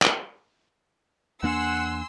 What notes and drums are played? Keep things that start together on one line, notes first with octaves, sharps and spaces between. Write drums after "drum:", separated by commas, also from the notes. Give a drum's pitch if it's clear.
drum: clap
E2 A#3 D4 F#5 G#5 C6 E6